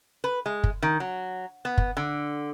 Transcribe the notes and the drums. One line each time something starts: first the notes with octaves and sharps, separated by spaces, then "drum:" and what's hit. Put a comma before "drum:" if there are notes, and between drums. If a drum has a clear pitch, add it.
B4
G#3
drum: kick F#1
D#3
F#3
B3
drum: kick F#1
D3